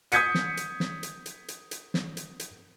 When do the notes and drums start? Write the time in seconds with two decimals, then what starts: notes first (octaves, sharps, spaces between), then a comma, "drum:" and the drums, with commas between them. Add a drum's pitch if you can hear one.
0.12 D#6 G6 G#6 B6 C#7 D#7, drum: hi-hat
0.35 drum: snare
0.57 drum: hi-hat
0.80 drum: snare
1.03 drum: hi-hat
1.26 drum: hi-hat
1.48 drum: hi-hat
1.71 drum: hi-hat
1.94 drum: snare
2.17 drum: hi-hat
2.40 drum: hi-hat